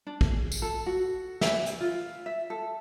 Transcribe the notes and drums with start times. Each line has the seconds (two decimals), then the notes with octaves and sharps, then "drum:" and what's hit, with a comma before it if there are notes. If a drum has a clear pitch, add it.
0.07 D4
0.21 drum: kick
0.31 G#4
0.52 drum: tambourine
0.62 A4
0.86 F#4
1.41 E5, drum: snare
1.66 drum: hi-hat
1.80 F4
2.26 E5
2.50 A4